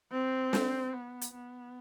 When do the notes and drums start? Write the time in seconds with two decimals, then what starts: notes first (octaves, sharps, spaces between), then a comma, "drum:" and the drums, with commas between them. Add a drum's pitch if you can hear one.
0.11 C4
0.53 drum: snare
0.93 B3
1.21 drum: hi-hat
1.34 B3